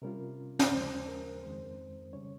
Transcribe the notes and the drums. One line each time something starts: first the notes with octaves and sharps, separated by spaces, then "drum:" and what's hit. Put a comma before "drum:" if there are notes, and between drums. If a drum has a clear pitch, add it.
C3 G3 C#4 F4 A#4
drum: snare
D#2 C#3 F3 G#3 C#4 C5
A#4
F2 D#3 G#3 C4 C5
C#3 G3 C#4 C#5